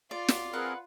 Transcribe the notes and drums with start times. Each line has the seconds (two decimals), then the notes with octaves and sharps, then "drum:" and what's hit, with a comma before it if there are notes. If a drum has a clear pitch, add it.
0.11 F4 D5
0.28 drum: snare
0.53 C4 G#4 A#4 B4 F#5